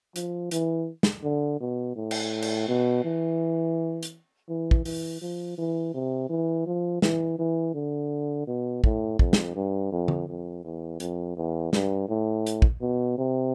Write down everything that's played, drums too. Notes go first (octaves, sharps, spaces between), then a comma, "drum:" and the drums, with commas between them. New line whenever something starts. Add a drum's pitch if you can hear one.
F3, drum: hi-hat
E3, drum: hi-hat
drum: snare
D3
B2
A2
drum: cymbal
drum: cymbal
B2
E3
drum: hi-hat
E3
drum: kick
E3, drum: open hi-hat
F3
E3
C3
E3
F3
E3, drum: snare
E3
D3
B2
A2, drum: kick
F2, drum: kick
drum: snare
G2
F2
drum: tom D3
F2
E2
F2, drum: hi-hat
E2
G2, drum: snare
A2
drum: hi-hat
drum: kick
B2
C3